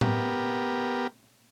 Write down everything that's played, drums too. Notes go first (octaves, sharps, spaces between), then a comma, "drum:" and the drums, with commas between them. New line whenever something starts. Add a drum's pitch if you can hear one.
B3 G4 A#4, drum: tom A2